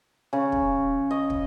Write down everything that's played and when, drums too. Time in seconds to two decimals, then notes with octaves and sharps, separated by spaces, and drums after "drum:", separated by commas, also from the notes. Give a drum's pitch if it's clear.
0.33 C#3
0.52 drum: kick
1.11 D#5
1.30 drum: kick